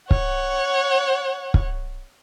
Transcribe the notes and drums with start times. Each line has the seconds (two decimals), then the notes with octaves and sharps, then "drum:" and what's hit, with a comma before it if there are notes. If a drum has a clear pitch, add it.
0.11 C#5 F#5, drum: kick
1.54 drum: kick